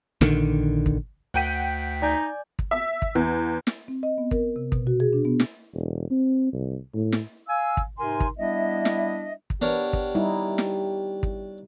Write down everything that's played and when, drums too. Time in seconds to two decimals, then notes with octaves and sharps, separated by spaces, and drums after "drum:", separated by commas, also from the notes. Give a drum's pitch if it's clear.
0.21 A#1 D3 D#3, drum: snare
0.86 drum: kick
1.34 D2 F#5 G5 B6 D#7
2.02 D#4 D5 G#5 G6
2.59 drum: kick
2.71 E5
3.02 drum: kick
3.15 E2
3.67 drum: snare
3.88 C4
4.03 D#5
4.18 B3
4.31 A#4, drum: kick
4.56 C3
4.72 B2, drum: kick
4.87 F#4
5.00 G#4
5.13 D4
5.25 B3
5.40 drum: snare
5.73 E1
6.10 C4
6.52 C2
6.94 A2
7.12 drum: snare
7.48 F5 G#5 E6
7.77 drum: kick
7.98 G#2 C3 D#4 A#4 G#5 C6
8.20 drum: kick
8.37 G3 B3 D4 E4 D#5 E5
8.85 drum: snare
9.50 drum: kick
9.61 B3 D4 G4 A#4 C#5
9.93 drum: kick
10.15 G3 D#4 E4
10.58 drum: snare
11.23 drum: kick